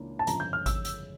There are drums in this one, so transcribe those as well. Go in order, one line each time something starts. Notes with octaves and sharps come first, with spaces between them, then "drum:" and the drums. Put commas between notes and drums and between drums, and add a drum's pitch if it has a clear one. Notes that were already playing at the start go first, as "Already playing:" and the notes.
Already playing: C#2 C#3 E3 A#3 D4
A5
G1 F2 C#3 A#5, drum: hi-hat
G6
F6
E6, drum: kick G#1, hi-hat
drum: hi-hat